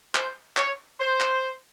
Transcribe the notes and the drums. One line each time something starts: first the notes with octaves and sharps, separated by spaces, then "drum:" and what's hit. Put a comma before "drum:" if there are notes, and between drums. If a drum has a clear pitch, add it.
C5, drum: clap
C#5, drum: clap
C5
drum: clap